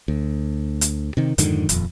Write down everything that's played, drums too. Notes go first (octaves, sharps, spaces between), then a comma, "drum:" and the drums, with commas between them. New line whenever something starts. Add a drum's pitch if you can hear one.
D2
drum: hi-hat
C3 D#3
F2 G#2 D3 D#3, drum: hi-hat
D#1 F2, drum: hi-hat